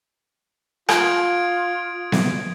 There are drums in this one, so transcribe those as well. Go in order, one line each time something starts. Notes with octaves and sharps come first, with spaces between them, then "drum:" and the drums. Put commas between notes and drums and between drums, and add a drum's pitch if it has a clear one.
F4 D#6 G#6 D7, drum: rim click
drum: snare B3